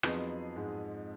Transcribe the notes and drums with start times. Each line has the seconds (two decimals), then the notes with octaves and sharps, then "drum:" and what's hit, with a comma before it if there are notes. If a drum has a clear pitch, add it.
0.03 F2 F3 F#3 B3 D#4 G#4 B4, drum: rim click
0.56 G#2 G#3